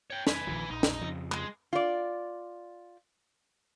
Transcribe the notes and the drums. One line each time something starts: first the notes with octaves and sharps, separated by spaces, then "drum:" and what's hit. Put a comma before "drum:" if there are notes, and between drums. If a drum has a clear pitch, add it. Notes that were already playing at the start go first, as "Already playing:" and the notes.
C#5 G5
B4 G#5, drum: snare
A#1 D#3 F3
A#1 D#4
drum: snare
F2 C#3 F3
G#3, drum: clap
F4 D5